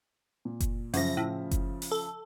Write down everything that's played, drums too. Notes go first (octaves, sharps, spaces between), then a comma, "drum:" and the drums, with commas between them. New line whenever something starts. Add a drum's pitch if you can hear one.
A#2
drum: kick F#1, hi-hat
F#2 C#3 F3 E5 A#6, drum: open hi-hat
A2
drum: kick F#1, hi-hat
drum: open hi-hat
A4